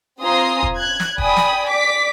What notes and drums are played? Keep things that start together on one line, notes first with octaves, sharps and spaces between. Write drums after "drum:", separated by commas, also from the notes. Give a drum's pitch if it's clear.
C4 F4 G#5 A#5 C6 D#6
drum: kick
F#6 G#6
drum: snare
D5 G5 G#5 B5 D#6, drum: kick
drum: snare
D5 D6 B6